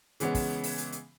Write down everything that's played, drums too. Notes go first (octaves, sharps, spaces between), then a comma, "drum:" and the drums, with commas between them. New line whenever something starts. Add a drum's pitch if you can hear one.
C#3 E3 G#3 B3 C#4, drum: hi-hat
drum: kick, open hi-hat
drum: open hi-hat
drum: hi-hat
drum: hi-hat